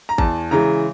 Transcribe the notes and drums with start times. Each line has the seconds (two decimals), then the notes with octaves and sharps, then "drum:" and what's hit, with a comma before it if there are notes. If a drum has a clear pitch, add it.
0.09 A#5
0.18 E2 A5, drum: kick G#1
0.51 C#3 E3 G#3 A#5